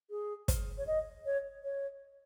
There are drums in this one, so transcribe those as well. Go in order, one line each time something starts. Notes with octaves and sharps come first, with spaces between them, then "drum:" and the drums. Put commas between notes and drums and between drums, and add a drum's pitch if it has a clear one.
G#4
drum: kick, hi-hat
C#5
D#5
C#5
C#5